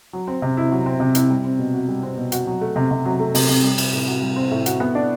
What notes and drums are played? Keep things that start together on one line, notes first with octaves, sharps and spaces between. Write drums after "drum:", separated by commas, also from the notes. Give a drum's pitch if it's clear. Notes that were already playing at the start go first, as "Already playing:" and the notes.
F#3
C4
C3
E4
F#3
C4
C3
E4, drum: hi-hat
G3
C4
B2
F#4
G3
C4
B2
F#4, drum: hi-hat
F#3
A3
C3
C3
F#3
A3
C3, drum: open hi-hat
C3
G3
C4, drum: cymbal
A2
F#4
G3
C4
A2
F#4, drum: hi-hat
B3
D4